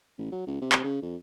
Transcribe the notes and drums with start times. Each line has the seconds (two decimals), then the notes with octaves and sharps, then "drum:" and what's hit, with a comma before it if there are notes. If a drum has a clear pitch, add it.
0.18 A1
0.32 F#3
0.47 C#2
0.61 C3
0.72 drum: clap
0.84 C#3
1.02 F2